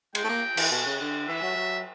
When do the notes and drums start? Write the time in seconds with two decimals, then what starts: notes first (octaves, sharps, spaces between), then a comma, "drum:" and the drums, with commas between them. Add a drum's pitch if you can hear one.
0.15 G#3 G5, drum: cymbal
0.24 A3
0.29 A#3
0.57 E3, drum: cymbal
0.71 B2
0.86 C#3
1.00 D3
1.28 E3 E5
1.42 F#3
1.56 F#3